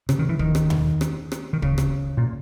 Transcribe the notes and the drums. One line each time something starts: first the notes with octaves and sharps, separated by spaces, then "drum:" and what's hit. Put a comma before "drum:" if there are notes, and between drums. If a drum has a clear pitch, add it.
C#3, drum: rim click
D#3
E3
D#3, drum: kick
drum: rim click
drum: tom D#2
drum: rim click
drum: rim click
D#3
C#3, drum: kick
drum: rim click
A#2